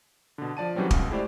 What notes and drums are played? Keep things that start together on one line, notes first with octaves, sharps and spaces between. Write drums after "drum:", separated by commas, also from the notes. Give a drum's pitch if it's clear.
B2 D3
F3 D5 A5 D#7
D#3 E3 F#3 G3 C4 C#4
C#2 B2, drum: kick
G#3 A3 E4 G4 C5 D5